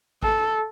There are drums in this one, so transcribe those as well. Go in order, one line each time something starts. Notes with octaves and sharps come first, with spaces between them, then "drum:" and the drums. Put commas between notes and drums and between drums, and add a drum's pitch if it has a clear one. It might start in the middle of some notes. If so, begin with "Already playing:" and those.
A4, drum: kick A1